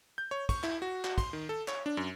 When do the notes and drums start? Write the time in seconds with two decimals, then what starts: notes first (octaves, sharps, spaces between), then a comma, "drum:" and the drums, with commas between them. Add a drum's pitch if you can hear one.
0.18 G6
0.31 C#5
0.49 C#6, drum: kick, cymbal
0.63 E4, drum: clap
0.82 F#4
1.04 F#4, drum: clap
1.18 C6, drum: kick, cymbal
1.33 D#3
1.49 A4
1.68 C#5, drum: clap
1.86 D4
1.97 F#2